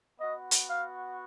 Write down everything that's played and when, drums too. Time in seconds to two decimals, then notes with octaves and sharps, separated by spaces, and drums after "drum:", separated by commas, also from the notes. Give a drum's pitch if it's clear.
0.20 B3 F#4 D#5
0.51 drum: hi-hat
0.70 F5